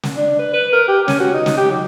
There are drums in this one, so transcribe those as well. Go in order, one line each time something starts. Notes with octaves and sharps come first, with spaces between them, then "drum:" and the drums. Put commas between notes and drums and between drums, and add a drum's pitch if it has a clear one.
drum: snare
D4
B4
B4
A#4
G4
C#4, drum: snare
F#4
D#4
drum: snare
G4
F#3